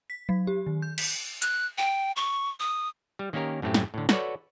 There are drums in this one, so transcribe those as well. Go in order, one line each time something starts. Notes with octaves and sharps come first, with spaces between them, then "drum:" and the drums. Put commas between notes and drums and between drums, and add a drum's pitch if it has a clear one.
B6
F#3
G4
D#3
G6
B6, drum: cymbal
F#6, drum: hi-hat
G5
C#6
D#6
G3
D#3 A#3 C#4 G4 A#4
F#2 A2 A3 C4 G4
drum: snare
A2 D3
F#4 A4 B4 C#5 D5, drum: snare